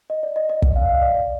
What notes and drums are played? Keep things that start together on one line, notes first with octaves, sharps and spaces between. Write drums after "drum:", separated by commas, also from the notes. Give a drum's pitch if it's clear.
D#5
D5
D#5
D#5
D#5, drum: kick
F5
F5
D5
D5